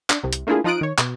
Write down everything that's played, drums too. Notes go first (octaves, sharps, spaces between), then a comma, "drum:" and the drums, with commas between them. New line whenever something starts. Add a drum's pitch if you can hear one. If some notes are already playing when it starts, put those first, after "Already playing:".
D4, drum: clap
C2 C3
drum: hi-hat
A3 A#3 D4 E4 F4 G#4
F3 D#4 F4 D#6 F#6 D7
D#3 C#5
B2, drum: clap